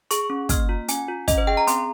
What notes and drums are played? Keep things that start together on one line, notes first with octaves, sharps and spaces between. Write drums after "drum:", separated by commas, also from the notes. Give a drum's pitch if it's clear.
G#4 C#6, drum: hi-hat
C#4
A#3 F6, drum: kick, hi-hat
F4
C#4 G#5, drum: hi-hat
F4
C#4 D#5, drum: kick, hi-hat
C5
G#4 G5
A#5
C4 C6, drum: hi-hat